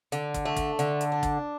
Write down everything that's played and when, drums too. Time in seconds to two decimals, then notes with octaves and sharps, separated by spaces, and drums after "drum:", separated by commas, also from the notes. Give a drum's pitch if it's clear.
0.12 D3, drum: hi-hat
0.34 drum: kick, hi-hat
0.45 A3
0.57 drum: kick, hi-hat
0.79 D3, drum: hi-hat
1.01 drum: hi-hat
1.12 D4
1.23 drum: kick, hi-hat